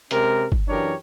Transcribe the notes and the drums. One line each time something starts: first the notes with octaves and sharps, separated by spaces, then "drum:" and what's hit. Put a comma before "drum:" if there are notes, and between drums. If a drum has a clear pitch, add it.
C3 G#3 C#4 A#4, drum: hi-hat
drum: kick
F#2 E3 D4 G4 A#4 C#5